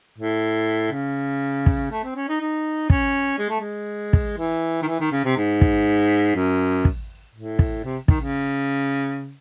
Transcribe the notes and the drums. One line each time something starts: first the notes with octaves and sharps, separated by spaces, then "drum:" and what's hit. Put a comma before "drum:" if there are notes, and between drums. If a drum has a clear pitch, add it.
A2
C#3
drum: kick
A3
C4
C#4
D#4
D#4
C#4, drum: kick
G#3
A3
G#3
drum: kick
E3
D#3
E3
D#3
C#3
C3
G#2
drum: kick
F#2
drum: kick
A2
drum: kick
C3
D#3, drum: kick
C#3